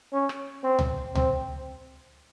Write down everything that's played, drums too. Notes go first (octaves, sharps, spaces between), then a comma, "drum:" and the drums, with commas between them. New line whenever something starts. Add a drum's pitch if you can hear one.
C#4
drum: rim click
C4
drum: tom C#2
C4, drum: tom C#2